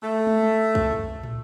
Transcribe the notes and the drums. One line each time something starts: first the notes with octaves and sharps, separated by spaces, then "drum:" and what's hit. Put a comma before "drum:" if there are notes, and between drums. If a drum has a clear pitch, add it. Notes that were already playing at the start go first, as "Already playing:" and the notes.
A3
drum: tom G#3
drum: kick
drum: tom